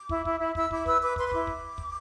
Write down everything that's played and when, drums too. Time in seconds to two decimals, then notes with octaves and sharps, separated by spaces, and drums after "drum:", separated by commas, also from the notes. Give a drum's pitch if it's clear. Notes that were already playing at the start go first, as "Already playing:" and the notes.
Already playing: D6
0.09 E4, drum: kick
0.25 E4, drum: kick
0.40 E4
0.55 E4 E6, drum: kick
0.71 E4 D6, drum: kick
0.86 B4 E6, drum: kick
1.01 B4 D6
1.16 B4 C6, drum: kick
1.27 C6
1.32 E4 D6, drum: kick
1.47 drum: kick
1.78 drum: kick